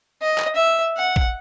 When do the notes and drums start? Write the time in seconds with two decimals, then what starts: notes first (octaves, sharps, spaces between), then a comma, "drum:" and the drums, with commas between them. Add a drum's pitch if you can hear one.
0.22 D#5
0.38 drum: clap
0.56 E5
0.97 F#5
1.16 drum: kick